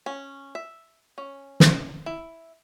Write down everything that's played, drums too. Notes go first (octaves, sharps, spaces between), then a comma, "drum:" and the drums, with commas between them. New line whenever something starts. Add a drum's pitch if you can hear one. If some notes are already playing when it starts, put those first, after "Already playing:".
C#4
E5
C#4
drum: snare
E4